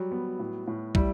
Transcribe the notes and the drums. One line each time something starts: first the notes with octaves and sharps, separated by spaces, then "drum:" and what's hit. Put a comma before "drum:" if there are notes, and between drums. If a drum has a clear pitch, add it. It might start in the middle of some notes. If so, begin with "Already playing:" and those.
Already playing: F#3 G3
B3
A2
A2
G3 E4, drum: kick